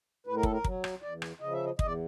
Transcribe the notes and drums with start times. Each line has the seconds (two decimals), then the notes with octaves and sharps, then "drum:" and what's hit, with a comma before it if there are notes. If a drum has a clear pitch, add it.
0.27 A2 B4
0.36 A#4
0.43 A4, drum: kick
0.52 A#4
0.64 F#3, drum: kick
0.84 drum: rim click
1.02 E2 D5
1.22 drum: rim click
1.40 C#3 F3 D#5
1.53 E5
1.65 D#5
1.79 E2 D#5, drum: kick
1.86 D5